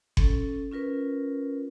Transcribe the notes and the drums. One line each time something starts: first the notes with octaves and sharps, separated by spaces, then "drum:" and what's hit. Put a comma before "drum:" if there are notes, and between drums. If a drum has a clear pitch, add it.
C#4 A4, drum: kick F#1
C#4 F4 A#4 B4